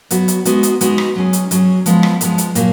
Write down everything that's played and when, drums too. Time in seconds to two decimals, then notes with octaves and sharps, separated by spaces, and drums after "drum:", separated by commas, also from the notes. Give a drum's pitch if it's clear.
0.11 F#3 B3 F#4, drum: hi-hat
0.28 drum: hi-hat
0.45 G#3 B3 D#4 F#4, drum: hi-hat
0.63 drum: hi-hat
0.81 G#3 B3 D#4 F#4, drum: hi-hat
0.98 drum: rim click
1.15 F#3 C#4 G#4
1.33 drum: hi-hat
1.51 F#3 C#4 G#4, drum: hi-hat
1.86 F3 G#3 B3, drum: hi-hat
2.03 drum: rim click
2.21 F3 G#3 B3, drum: hi-hat
2.38 drum: hi-hat
2.55 A#2 F#3 A#3, drum: hi-hat